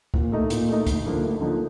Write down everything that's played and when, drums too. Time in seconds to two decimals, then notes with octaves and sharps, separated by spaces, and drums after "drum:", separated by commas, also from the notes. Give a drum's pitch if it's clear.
0.14 A#2, drum: kick
0.32 A3 D#4
0.50 A#2, drum: hi-hat
0.69 A3 D#4
0.87 D2, drum: kick, hi-hat
1.05 D3 F3 A#3 D#4
1.23 D2
1.41 D3 F3 A#3 D#4